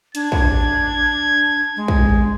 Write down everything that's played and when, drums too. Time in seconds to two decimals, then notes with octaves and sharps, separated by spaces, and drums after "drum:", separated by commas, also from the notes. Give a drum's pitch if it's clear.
0.15 D4 G#6, drum: hi-hat
0.32 drum: kick
1.76 G#3
1.88 drum: kick